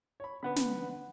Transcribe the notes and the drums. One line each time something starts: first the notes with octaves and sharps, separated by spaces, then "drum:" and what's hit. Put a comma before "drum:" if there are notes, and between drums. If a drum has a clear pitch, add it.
C#5 B5
D3 B3 D4 B4 F#5 B5
drum: snare